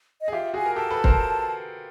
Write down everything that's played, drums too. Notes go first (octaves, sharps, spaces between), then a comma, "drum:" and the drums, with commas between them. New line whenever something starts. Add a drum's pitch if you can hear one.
D#5
G#4
F4 G4 E5
F#4 G#4 G#5
A#4
G4 A4 A5
A4 B4
A#4 C5, drum: kick